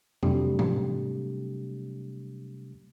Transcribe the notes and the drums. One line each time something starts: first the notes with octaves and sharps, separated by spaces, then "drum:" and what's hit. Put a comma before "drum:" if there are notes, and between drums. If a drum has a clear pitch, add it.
C3 F#3 G3 A3 D4 G4, drum: tom F2
drum: tom G#2